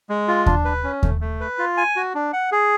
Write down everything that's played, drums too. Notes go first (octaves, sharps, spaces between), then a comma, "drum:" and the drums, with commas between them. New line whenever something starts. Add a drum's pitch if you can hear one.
G#3
F4
D4, drum: kick D#2
B4
C#4
A3, drum: kick D#2
A3
B4
F4
G#5
F#4
D4
F#5
G#4